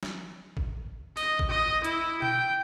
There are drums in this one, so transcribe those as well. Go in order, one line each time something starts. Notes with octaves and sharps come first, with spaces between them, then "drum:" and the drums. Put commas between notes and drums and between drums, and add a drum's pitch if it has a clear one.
drum: snare
drum: kick A1
D#5, drum: open hi-hat
drum: kick A1
D#5
E4, drum: hi-hat
G5, drum: tom B2